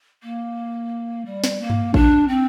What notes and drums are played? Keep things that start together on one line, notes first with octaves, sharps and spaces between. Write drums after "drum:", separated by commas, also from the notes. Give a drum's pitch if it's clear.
A#3
G3
drum: snare
A#3
drum: tom G2
D4, drum: kick A1
C4